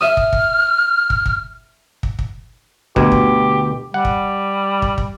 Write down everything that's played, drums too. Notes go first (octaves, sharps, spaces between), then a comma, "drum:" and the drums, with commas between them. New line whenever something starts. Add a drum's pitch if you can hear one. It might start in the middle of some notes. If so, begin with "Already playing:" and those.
E5 D#6 F6
drum: kick
drum: kick
drum: kick
drum: kick
drum: kick
drum: kick
D2 B2 G4, drum: kick
drum: kick
G3 F#5
drum: kick
drum: kick
drum: kick